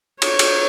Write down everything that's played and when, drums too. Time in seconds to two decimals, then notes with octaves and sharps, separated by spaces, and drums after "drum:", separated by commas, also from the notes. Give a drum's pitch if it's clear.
0.22 C#5, drum: cymbal
0.39 drum: cymbal